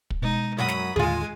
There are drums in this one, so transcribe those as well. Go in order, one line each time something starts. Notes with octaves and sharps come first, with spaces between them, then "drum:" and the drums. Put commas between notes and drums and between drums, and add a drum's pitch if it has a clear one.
drum: kick
B2 G#3 D#4
F#2 F#3 F#4 B5 D#6
drum: snare
D#2 A2 D3 G#3 F4 G#4 G#5